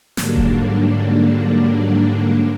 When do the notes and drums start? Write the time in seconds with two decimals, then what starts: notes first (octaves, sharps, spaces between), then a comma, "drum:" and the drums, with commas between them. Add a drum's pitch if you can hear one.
0.17 G#2 D3 F#3 G3 A#3 D4, drum: snare
0.36 drum: kick E1